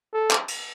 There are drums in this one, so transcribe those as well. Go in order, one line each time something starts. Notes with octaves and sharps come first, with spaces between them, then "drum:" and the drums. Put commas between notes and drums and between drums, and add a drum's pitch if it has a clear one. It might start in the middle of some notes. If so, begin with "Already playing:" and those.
A4
drum: clap
drum: cymbal